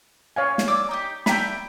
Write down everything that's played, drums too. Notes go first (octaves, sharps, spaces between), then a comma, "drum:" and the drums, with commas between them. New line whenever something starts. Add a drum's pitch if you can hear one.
C#5 F5 G#5
drum: snare
D5 D6 E6
D#4 G4
D4 E4 G5 A#5 B5, drum: snare